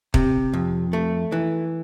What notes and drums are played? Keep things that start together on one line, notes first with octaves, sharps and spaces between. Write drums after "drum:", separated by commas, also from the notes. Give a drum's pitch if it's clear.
C3, drum: kick D#1
F2
A3
E3